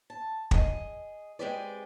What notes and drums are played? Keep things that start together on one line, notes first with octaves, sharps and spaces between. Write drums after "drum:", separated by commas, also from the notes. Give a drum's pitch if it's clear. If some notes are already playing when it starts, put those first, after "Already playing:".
A5
G#4 D#5, drum: kick
G#3 C4 G4 G#4 B4 D5